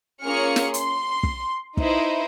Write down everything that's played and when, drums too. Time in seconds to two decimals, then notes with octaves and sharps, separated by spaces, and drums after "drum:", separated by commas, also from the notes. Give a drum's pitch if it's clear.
0.24 A#3 C#4 F4 G#4 F6 C#7
0.56 drum: snare
0.74 C6, drum: hi-hat
1.23 drum: kick
1.77 D#4 E4 B4 C5 D#5, drum: kick